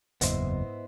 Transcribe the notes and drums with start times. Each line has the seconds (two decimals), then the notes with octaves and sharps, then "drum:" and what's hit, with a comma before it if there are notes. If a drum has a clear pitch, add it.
0.21 F#1 E2 G#2 B3 E4 C5 D#5 E5, drum: hi-hat